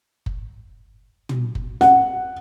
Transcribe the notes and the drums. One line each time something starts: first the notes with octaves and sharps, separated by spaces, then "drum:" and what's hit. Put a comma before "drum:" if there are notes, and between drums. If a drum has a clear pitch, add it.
drum: kick F#1
drum: tom
drum: kick F#1
F#5, drum: snare